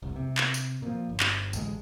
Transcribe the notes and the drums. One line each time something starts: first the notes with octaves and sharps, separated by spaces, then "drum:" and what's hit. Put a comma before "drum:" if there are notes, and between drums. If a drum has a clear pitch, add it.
F1 C2
C3
drum: clap
drum: tambourine
A#2 F3
G1
drum: clap
A1 D2 G#3, drum: tambourine